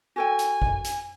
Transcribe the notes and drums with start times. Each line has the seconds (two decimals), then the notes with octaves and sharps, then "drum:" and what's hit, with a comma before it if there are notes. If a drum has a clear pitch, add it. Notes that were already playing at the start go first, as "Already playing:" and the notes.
0.16 F#4 A4 G5 G#5
0.39 drum: hi-hat
0.62 drum: kick G1
0.84 drum: hi-hat